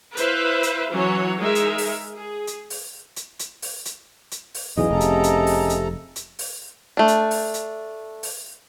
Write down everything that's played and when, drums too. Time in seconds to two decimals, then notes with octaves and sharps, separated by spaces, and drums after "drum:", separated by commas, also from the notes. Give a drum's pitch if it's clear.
0.17 E4 B4 C5 E5 F5, drum: hi-hat
0.63 drum: hi-hat
0.92 E3 F#3 C#4 C#5
1.39 G#3 D#4 A#4 E5
1.55 drum: hi-hat
1.78 drum: open hi-hat
2.17 G#4
2.47 drum: hi-hat
2.70 drum: open hi-hat
3.16 drum: hi-hat
3.39 drum: hi-hat
3.62 drum: open hi-hat
3.85 drum: hi-hat
4.31 drum: hi-hat
4.54 drum: open hi-hat
4.77 B1 E2 C#3 D#5
4.91 F1 C3 A4 A#5
5.01 drum: hi-hat
5.24 drum: hi-hat
5.47 drum: open hi-hat
5.70 drum: hi-hat
6.16 drum: hi-hat
6.39 drum: open hi-hat
6.97 A3 D4
7.08 drum: hi-hat
7.31 drum: open hi-hat
7.54 drum: hi-hat
8.23 drum: open hi-hat